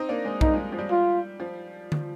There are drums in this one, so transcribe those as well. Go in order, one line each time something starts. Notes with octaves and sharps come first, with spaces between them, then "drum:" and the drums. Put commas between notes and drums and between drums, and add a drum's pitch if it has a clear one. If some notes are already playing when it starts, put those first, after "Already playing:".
Already playing: C4 D#4
A#3 D4
G#3 C4
G3 A#3 D#4, drum: kick B1
F3 G#3
F3
G3
F4
F3
drum: tom D3